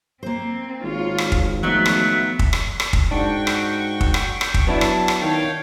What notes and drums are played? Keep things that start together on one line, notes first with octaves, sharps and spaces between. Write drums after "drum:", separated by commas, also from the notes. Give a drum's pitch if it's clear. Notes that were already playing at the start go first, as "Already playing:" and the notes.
A#3 C4 C5
G#1 F4 C#5
drum: rim click
drum: kick
F3 F#3 A3 B3 D#4 E5
drum: rim click
drum: kick
drum: rim click
drum: rim click
drum: kick
G#2 D4 F#4 G5 C#6
drum: rim click
drum: kick
drum: rim click
drum: rim click
drum: kick
F#3 B3 D4 E4 A5
drum: rim click
drum: rim click
D#3 C#5 F5 G5